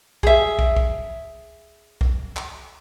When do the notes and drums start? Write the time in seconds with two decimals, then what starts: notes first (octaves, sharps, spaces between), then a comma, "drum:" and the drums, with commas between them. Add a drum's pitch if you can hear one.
0.23 G#4 E5, drum: kick
0.59 drum: kick
0.76 drum: kick
2.01 drum: kick
2.36 drum: clap